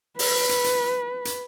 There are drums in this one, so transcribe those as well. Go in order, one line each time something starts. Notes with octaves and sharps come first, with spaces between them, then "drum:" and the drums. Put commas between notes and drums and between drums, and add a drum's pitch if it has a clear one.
B4, drum: open hi-hat
drum: hi-hat
drum: hi-hat
drum: hi-hat